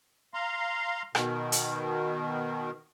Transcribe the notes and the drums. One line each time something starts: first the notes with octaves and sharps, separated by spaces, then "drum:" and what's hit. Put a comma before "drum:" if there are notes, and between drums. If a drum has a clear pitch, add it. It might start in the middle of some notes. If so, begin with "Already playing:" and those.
F5 A#5 C6
B2 D#3, drum: rim click
drum: hi-hat